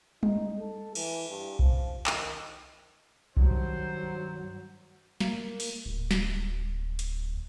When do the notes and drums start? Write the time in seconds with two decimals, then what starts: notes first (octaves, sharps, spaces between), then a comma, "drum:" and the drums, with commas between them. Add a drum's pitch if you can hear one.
0.23 D#4, drum: tom G3
0.59 A4
0.95 E3, drum: cymbal
1.29 G2
1.59 F3, drum: kick C2
2.07 D#3, drum: clap
3.37 G2 D#3 F#3 C5, drum: kick C2
5.20 A#3, drum: snare
5.60 drum: open hi-hat
5.86 D1
6.11 drum: snare
6.99 drum: hi-hat